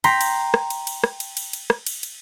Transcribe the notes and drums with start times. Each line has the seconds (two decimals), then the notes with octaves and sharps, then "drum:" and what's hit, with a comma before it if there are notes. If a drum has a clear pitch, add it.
0.04 G5 A#5 C6 B6, drum: cymbal
0.21 drum: cymbal
0.54 drum: rim click
0.70 drum: cymbal
0.87 drum: cymbal
1.04 drum: rim click
1.20 drum: cymbal
1.37 drum: cymbal
1.53 drum: cymbal
1.70 drum: rim click
1.87 drum: cymbal
2.03 drum: cymbal